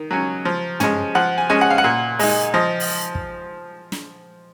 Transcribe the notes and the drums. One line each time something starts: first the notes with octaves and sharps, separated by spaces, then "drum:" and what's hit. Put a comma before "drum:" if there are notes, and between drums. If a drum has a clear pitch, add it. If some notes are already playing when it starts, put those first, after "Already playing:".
Already playing: D#3
F#3 C#4
F3
G#3 C#4, drum: tom
F3 F#5
G#5
G#3 C#4
F#5
F5
F#5
A#2
G#3 D#4, drum: open hi-hat
F3 D#5
drum: open hi-hat
drum: kick
drum: snare